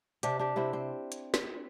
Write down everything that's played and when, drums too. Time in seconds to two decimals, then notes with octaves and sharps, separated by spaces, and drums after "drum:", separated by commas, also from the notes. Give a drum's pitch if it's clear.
0.23 C3 D4 G4, drum: hi-hat
0.39 D4 G4
0.56 C3 C4 E4
0.73 C4
1.12 drum: hi-hat
1.34 drum: snare